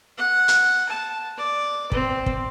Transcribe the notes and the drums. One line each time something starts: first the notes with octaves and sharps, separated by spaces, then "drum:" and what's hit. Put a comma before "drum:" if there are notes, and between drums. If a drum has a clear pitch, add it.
F#5
drum: hi-hat
A5
D5
C4, drum: kick
drum: kick